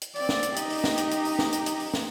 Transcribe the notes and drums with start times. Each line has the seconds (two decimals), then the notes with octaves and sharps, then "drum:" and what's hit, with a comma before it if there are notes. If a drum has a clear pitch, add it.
0.01 drum: hi-hat
0.16 C4 D5, drum: open hi-hat
0.29 drum: snare
0.43 drum: hi-hat
0.56 D#4 G4 D#5, drum: hi-hat
0.70 drum: open hi-hat
0.84 drum: snare
0.98 drum: hi-hat
1.11 drum: hi-hat
1.25 drum: open hi-hat
1.39 drum: snare
1.52 drum: hi-hat
1.66 drum: hi-hat
1.80 drum: open hi-hat
1.94 drum: snare